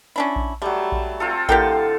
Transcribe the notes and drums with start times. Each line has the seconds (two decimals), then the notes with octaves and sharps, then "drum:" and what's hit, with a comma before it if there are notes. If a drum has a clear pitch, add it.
0.16 C#4 D4 E4
0.36 drum: kick A#1
0.62 F#3 G3 A3
0.92 drum: kick A#1
1.20 C4 F4 A4
1.49 A2 D3 G4 A#4 F5 G5, drum: kick A#1